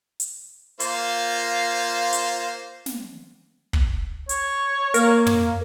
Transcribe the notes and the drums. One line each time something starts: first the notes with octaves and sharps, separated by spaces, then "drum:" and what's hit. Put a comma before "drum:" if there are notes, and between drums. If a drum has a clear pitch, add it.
drum: hi-hat
A#3 F4 C5, drum: hi-hat
drum: hi-hat
drum: snare
drum: kick
C#5, drum: hi-hat
A#3 A#4, drum: hi-hat
drum: tom